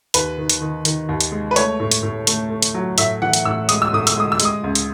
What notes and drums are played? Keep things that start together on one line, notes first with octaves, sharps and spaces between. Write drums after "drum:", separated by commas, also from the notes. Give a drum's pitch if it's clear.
D#2 B4, drum: hi-hat
D#3
drum: hi-hat
D#3
D#3, drum: hi-hat
D#2
drum: hi-hat
G#3
B4
A3 C#5, drum: hi-hat
A2
drum: hi-hat
A2
A3, drum: hi-hat
A3
drum: hi-hat
F#3
A2 E5, drum: hi-hat
E3 F#5
drum: hi-hat
A2 E6
G#3 D#6, drum: hi-hat
E6
A2 D#6
E6, drum: hi-hat
G#3 D#6
E6
G#3, drum: hi-hat
D#6
C#2
drum: hi-hat